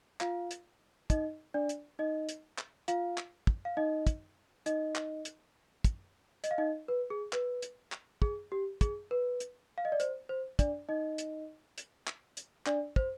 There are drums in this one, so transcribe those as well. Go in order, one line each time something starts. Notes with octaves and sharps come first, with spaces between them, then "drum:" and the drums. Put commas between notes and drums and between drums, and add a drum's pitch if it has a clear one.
F4 F5, drum: clap
drum: hi-hat
D#4 D#5, drum: kick, hi-hat
D4 D5
drum: hi-hat
D#4 D#5
drum: hi-hat
drum: clap
F4 F5, drum: hi-hat
drum: clap
drum: kick
F5
D#4 D#5
drum: kick, hi-hat
D#4 D#5, drum: hi-hat
drum: clap
drum: hi-hat
drum: kick, hi-hat
D#5, drum: hi-hat
F5
D#4 D#5
B4
G#4
B4, drum: clap
drum: hi-hat
drum: clap
G#4, drum: kick
G4
G#4, drum: kick, hi-hat
B4
drum: hi-hat
F5
D#5
D5
C5, drum: hi-hat
C5
D4 D5, drum: kick, hi-hat
D#4 D#5
drum: hi-hat
drum: hi-hat
drum: clap
drum: hi-hat
D4 D5, drum: clap
C5, drum: kick